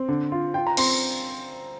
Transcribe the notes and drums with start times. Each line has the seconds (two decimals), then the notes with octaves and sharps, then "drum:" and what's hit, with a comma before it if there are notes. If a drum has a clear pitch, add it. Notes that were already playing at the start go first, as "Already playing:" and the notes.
Already playing: C4
0.08 D3
0.32 F4
0.54 F4 G5
0.67 A#5
0.77 C4 C6, drum: cymbal